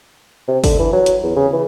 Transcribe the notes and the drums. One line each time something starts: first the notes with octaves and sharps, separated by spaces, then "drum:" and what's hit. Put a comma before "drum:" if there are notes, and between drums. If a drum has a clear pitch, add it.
C3
D3, drum: kick, open hi-hat
E3
F#3
drum: hi-hat
E2
C#3
E3